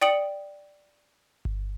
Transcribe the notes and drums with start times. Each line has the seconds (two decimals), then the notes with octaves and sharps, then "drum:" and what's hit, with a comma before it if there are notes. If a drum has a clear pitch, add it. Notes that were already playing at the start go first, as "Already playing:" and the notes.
0.01 D5 G5 D#6 C#7 F#7
1.45 drum: kick G1